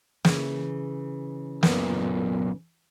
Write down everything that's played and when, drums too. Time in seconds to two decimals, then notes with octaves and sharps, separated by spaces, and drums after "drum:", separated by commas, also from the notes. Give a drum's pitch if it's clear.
0.25 C#3 E3, drum: snare
1.63 B1 F#2 A#2 B3 A#4, drum: snare